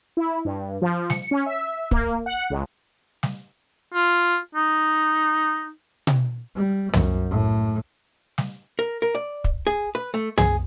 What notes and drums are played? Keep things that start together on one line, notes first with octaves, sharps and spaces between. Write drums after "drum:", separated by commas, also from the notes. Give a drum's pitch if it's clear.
E4
G2
F3
C#7, drum: snare
C#4
E5
A#3, drum: kick
F#5
C#2
drum: snare
F4
D#4
drum: tom B2
G3
F#2, drum: tom
A2
drum: snare
A#4
A#4
D5
drum: kick
G#4
B4
A3
G#4, drum: tom